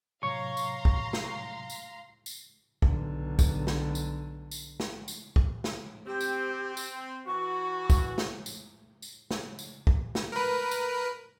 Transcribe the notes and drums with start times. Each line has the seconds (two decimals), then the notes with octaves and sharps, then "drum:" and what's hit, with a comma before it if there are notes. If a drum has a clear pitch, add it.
0.23 A2 C3 F#3 C#5 F5 A#5 C6 C#6
0.57 drum: tambourine
0.85 drum: kick
1.13 drum: snare
1.70 drum: tambourine
2.26 drum: tambourine
2.82 B1 D3, drum: kick
3.39 drum: kick, tambourine
3.67 drum: snare
3.95 drum: tambourine
4.51 drum: tambourine
4.80 drum: snare
5.08 drum: tambourine
5.36 drum: kick
5.64 drum: snare
6.06 C4 G4
6.21 drum: tambourine
6.77 drum: tambourine
7.26 E3 F#4 C#6
7.90 drum: kick, tambourine
8.18 drum: snare
8.46 drum: tambourine
9.02 drum: tambourine
9.31 drum: snare
9.59 drum: tambourine
9.87 drum: kick
10.15 drum: snare
10.32 A#4 B4
10.71 drum: tambourine